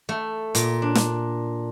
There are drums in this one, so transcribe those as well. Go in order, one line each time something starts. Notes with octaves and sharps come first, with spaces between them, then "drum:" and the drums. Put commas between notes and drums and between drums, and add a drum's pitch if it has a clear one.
A3
A#2, drum: hi-hat
D4
drum: snare